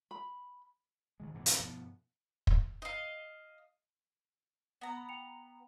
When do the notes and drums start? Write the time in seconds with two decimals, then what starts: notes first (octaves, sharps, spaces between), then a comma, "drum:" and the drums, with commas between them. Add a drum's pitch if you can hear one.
0.11 B5
1.20 G2 D#3 G#3
1.34 G#2 B2 D3 E3
1.46 drum: hi-hat
1.59 G2 B2 F3 B3
2.47 drum: kick
2.82 D#5 F5
4.81 B3 A#5
4.97 B5
5.09 G5 C#7 F7